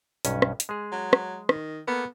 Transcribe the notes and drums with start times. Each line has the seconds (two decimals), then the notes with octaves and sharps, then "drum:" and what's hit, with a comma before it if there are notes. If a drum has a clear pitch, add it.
0.25 B1 G2 C#4, drum: hi-hat
0.42 drum: rim click
0.60 drum: hi-hat
0.69 G#3 G#4
0.92 F#3
1.13 drum: rim click
1.49 D#3, drum: rim click
1.88 A#3 B3 A4